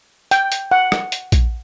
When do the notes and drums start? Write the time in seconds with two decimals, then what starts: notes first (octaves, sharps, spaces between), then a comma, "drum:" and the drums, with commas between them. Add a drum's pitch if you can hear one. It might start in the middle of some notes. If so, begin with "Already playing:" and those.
0.31 G5, drum: hi-hat
0.52 drum: hi-hat
0.71 F#5
0.92 drum: rim click
1.12 drum: hi-hat
1.32 drum: kick A#1, hi-hat